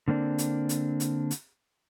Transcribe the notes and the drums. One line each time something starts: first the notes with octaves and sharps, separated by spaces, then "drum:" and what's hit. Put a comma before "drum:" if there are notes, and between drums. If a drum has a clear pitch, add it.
D3 A#3 C4 D4
drum: hi-hat
drum: hi-hat
drum: hi-hat
drum: hi-hat